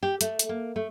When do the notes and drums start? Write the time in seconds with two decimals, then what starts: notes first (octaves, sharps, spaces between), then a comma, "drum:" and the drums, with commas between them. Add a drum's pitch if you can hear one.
0.03 G4
0.21 A3, drum: hi-hat
0.39 drum: hi-hat
0.49 A#3
0.76 A3